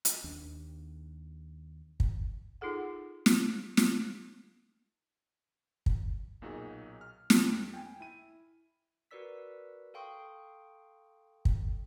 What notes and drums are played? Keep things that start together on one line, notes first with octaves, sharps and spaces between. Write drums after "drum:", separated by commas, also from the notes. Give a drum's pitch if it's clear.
drum: hi-hat
D#2 D4
drum: kick
D#4 F4 G#4 A4 F#5
drum: snare
drum: snare
drum: kick
B1 A#2 D#4 F#4 G#4
F6
F2, drum: snare
G5 G#5
E4 D#7
F#4 A#4 B4 D5 E6 B6
A4 F5 G5 C6 C#6 D#6
drum: kick